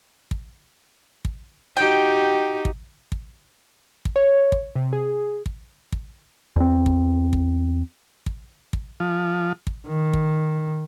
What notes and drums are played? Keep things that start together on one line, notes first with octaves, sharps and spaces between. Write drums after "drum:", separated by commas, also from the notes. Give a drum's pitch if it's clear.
drum: kick
drum: kick
D#4 F#4 G4 G5
drum: kick
drum: kick
drum: kick
C#5
drum: kick
C3
G#4
drum: kick
drum: kick
E2 C4
drum: kick
drum: kick
drum: kick
drum: kick
F3
drum: kick
D#3
drum: kick